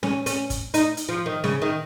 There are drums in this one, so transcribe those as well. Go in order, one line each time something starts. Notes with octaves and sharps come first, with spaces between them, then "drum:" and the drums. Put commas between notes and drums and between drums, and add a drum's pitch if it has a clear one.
C#4, drum: snare
C#4, drum: hi-hat
drum: kick, hi-hat
D#4, drum: hi-hat
drum: hi-hat
F3
D#3
C#3, drum: snare
D#3